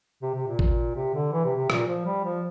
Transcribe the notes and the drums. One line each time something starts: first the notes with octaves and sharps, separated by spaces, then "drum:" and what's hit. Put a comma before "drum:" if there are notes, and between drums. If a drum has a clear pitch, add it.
C3
C3
A#2
drum: kick A1
C3
D3
E3
C3
C3
A#2, drum: rim click
F3
G3
F3